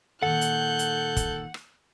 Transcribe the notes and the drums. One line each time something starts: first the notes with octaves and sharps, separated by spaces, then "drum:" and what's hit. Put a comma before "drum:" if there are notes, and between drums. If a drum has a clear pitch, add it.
A#2 D#3 A4 F#5 F#6 G6
drum: hi-hat
drum: hi-hat
drum: kick, hi-hat
drum: rim click